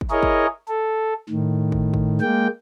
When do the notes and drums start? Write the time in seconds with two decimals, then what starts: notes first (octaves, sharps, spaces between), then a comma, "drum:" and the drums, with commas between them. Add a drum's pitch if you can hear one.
0.01 drum: kick
0.11 E4 G#4 A#4 C#5 D#5
0.23 drum: kick
0.68 A4
1.29 A2 D#3
1.72 drum: kick
1.94 drum: kick
2.21 G#3 A#3 G5